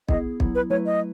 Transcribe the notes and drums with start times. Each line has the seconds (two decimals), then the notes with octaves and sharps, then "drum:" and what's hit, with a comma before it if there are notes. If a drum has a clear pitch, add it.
0.09 B3 E4 G#4 D#5, drum: kick B1
0.40 F#3 B3 E4, drum: kick B1
0.55 B4
0.70 F#3 A3 E4 B4 C#5
0.86 D#5